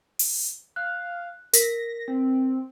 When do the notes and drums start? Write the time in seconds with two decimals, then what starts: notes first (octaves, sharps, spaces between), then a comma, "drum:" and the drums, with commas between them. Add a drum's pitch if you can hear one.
0.19 drum: open hi-hat
0.76 F5 F#6
1.53 A#4 A#6 B6, drum: hi-hat
2.08 C4